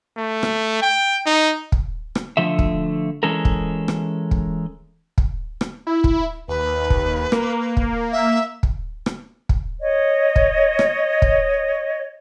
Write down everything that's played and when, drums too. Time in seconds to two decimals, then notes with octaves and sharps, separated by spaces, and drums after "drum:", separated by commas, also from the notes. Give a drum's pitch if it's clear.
0.17 A3
0.43 drum: rim click
0.82 G5
1.26 D#4
1.72 drum: kick
2.15 drum: rim click
2.37 D3 F3 A3 E5
2.59 drum: kick
3.23 E3 G#3 C#4 A4 A#4
3.45 drum: kick
3.88 drum: rim click
4.31 drum: kick
5.18 drum: kick
5.61 drum: rim click
5.87 E4
6.04 drum: kick
6.49 D#2 B4
6.90 drum: kick
7.32 A#3, drum: rim click
7.77 drum: kick
8.12 E5
8.63 drum: kick
9.06 drum: rim click
9.49 drum: kick
9.80 C#5 D#5
10.36 drum: kick
10.79 drum: rim click
11.22 drum: kick